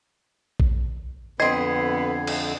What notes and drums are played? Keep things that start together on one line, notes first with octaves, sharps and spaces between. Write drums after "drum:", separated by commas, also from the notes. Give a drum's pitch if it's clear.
drum: kick
F2 D3 B3 C4 D#5 G#6 C7
drum: cymbal